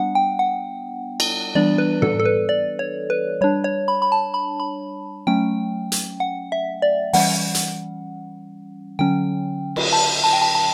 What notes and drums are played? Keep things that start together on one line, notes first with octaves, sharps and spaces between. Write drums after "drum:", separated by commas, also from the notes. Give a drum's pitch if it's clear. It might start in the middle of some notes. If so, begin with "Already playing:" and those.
Already playing: G3 B3 D4 F#5
G5
F#5
drum: cymbal
E3 G3 B3 D4 D5
B4
A4, drum: tom
A4
B4
D5
C#5
B4
G3 D4 C#5
C#5
B5
B5
A5
B5
B5
F#3 A3 C#4 G5
drum: hi-hat
F#5
E5
D5
E3 G3 C#4 F#5, drum: open hi-hat
drum: hi-hat
D3 F#3 C#4 G5
drum: cymbal
A5
A5
G5
A5
A5